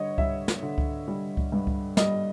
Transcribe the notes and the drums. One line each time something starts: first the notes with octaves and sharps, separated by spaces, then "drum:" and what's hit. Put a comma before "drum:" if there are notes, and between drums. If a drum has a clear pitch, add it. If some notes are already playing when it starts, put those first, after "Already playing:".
Already playing: D3 G3 C#5 D#5
G3 E5, drum: kick C#2
drum: snare
D3
drum: kick C#2
G3
drum: kick C#2
G2
drum: kick C#2
G3 D#5, drum: snare